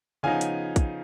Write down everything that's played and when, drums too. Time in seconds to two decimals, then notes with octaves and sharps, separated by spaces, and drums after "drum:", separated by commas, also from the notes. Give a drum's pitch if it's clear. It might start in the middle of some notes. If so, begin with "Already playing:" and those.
0.23 C#3 F3 B3 D#4 F5 G#5
0.41 drum: hi-hat
0.76 drum: kick, hi-hat